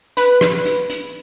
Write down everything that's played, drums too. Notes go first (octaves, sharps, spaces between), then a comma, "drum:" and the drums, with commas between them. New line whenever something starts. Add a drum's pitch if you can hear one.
B4, drum: hi-hat
drum: rim click
drum: hi-hat
drum: hi-hat